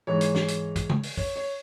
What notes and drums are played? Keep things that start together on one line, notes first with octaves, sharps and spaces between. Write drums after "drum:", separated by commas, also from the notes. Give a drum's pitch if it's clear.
G#2 E3 G#3 C#5
drum: hi-hat
drum: snare
drum: hi-hat
drum: kick, hi-hat
drum: tom C#3
drum: open hi-hat
C#5, drum: kick
C#5